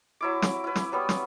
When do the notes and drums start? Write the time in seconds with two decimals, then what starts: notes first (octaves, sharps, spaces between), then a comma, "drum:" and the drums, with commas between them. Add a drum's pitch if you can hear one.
0.21 F#3 E4 D6
0.42 D6, drum: snare
0.64 E4 B4
0.76 drum: snare
0.92 F#3 G3 B3
1.09 drum: snare